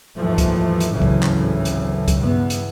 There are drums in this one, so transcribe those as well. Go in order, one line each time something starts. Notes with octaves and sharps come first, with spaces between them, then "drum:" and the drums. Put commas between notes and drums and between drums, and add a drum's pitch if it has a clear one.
D#2 G#2 E3 F3 G3 A3
drum: kick C#2, hi-hat
drum: hi-hat
G#1 D2 A2 C#3 E3 F#3
drum: kick C#2
drum: clap
drum: hi-hat
drum: kick C#2, hi-hat
B1 E2 G2 E3 B3
drum: hi-hat